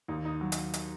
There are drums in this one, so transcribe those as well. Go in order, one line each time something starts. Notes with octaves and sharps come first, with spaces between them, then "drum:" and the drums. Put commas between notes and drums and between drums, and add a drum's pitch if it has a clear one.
D#2 D#4
D#4
F#3
drum: hi-hat
drum: hi-hat